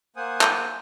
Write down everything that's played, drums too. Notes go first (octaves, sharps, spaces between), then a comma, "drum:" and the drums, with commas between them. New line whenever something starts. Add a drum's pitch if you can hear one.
A#3 C5 F#5 G#5 D#6
drum: clap